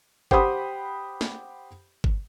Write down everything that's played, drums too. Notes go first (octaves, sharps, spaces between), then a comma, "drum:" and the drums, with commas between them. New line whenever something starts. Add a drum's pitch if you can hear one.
G4 C5 F#5 B5 D#6, drum: kick G1
drum: snare
drum: kick G1